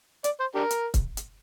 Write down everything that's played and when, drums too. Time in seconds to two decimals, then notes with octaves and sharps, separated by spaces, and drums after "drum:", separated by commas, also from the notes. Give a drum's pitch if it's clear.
0.24 D5, drum: hi-hat
0.39 C5
0.55 D4 G4 A#4
0.71 drum: hi-hat
0.94 drum: kick C#1, hi-hat
1.17 drum: hi-hat